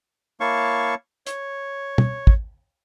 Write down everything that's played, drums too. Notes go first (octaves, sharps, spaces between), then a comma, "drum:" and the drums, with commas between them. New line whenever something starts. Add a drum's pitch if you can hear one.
A#3 E4 C#5 F5 A5 C#6
C#5, drum: hi-hat
drum: tom
drum: kick